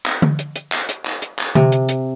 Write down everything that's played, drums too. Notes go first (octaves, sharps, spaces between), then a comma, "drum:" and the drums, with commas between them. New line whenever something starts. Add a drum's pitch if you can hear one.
drum: clap
drum: tom D3
drum: hi-hat
drum: hi-hat
drum: clap
drum: hi-hat
drum: clap
drum: hi-hat
drum: clap
C3, drum: tom D3
drum: hi-hat
drum: hi-hat